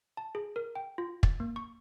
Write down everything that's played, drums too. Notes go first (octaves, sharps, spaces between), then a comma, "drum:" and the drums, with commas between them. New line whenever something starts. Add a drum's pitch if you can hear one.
A5
G#4
A#4
G5
F4
A6, drum: kick
A#3
C#6